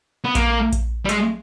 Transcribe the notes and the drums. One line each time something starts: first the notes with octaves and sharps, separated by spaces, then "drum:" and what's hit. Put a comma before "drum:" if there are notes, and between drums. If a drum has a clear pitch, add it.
B3
A#3, drum: kick A#1, hi-hat
drum: kick A#1, hi-hat
G3
G#3, drum: hi-hat